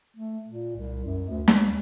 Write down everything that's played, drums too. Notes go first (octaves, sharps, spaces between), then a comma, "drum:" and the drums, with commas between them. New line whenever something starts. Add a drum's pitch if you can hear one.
A3
A#2
C2
F#2
D2
G#3, drum: snare
D#2